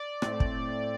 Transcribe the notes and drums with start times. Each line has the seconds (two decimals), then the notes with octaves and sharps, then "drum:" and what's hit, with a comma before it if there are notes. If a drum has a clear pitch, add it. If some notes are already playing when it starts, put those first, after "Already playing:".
Already playing: D5
0.22 A2 A3 C4, drum: rim click
0.40 drum: kick